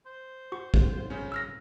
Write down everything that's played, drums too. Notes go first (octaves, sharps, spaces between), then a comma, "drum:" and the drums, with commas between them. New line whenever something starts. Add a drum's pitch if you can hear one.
C5
F#4 C#6
drum: kick
C#3 C#4
E6 F6 A#6